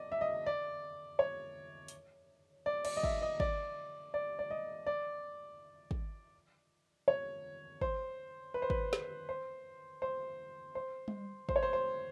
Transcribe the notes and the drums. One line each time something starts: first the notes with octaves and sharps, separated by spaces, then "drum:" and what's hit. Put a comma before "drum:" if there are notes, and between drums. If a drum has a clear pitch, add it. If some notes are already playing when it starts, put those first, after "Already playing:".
Already playing: D5 D#5
E5
D#5
D5
C#5
drum: hi-hat
D5
D5, drum: cymbal
D#5
E5, drum: kick
D#5
D5, drum: kick
D5
D5
D#5
D5
drum: kick
C#5
C5, drum: kick
B4
C5
B4, drum: kick
drum: snare
C5
C5
C5
drum: tom G3
C5, drum: kick
C#5
C5
C5